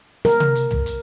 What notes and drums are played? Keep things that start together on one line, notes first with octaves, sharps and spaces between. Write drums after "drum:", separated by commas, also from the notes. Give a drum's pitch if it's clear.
A#4, drum: snare
drum: tom
drum: hi-hat
drum: tom
drum: hi-hat